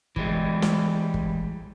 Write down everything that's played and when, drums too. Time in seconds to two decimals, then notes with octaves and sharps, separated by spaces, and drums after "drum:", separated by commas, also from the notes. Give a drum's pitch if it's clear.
0.16 E3 G3 G#3, drum: kick G1
0.62 drum: snare
1.14 drum: kick G1